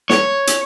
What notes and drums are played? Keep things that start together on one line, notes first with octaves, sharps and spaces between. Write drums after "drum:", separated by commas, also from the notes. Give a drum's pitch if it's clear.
C#5, drum: snare
drum: hi-hat